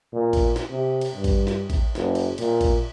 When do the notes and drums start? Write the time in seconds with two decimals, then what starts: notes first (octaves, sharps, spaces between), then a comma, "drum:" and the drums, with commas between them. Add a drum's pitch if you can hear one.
0.13 A#2
0.33 drum: kick A1, cymbal
0.56 drum: snare
0.70 C3
1.01 drum: cymbal
1.15 G2
1.24 drum: kick A1, cymbal
1.47 drum: snare
1.70 drum: kick A1, cymbal
1.95 F#1, drum: snare
2.15 drum: cymbal
2.38 A#2, drum: cymbal
2.61 drum: kick A1, cymbal